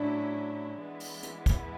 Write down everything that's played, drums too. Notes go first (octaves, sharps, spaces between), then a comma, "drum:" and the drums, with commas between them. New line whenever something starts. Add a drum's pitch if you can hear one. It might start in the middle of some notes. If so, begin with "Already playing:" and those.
Already playing: A2 F#3 C#4 D4 E4
E3 G#3 B3 E4
drum: open hi-hat
drum: hi-hat
drum: kick, hi-hat